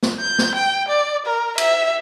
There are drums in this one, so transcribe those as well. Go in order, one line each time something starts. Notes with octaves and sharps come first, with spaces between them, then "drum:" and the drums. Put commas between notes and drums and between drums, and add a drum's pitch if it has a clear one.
drum: snare
G6
drum: snare
G5
D5
A#4
E5, drum: cymbal